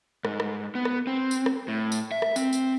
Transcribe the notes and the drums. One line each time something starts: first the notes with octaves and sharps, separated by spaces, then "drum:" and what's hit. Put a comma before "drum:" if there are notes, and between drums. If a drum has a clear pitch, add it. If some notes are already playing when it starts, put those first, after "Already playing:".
G#2, drum: rim click
drum: rim click
B3
drum: rim click
C4
drum: tambourine
drum: rim click
A2
drum: tambourine
E5
drum: rim click
C4, drum: tambourine
drum: tambourine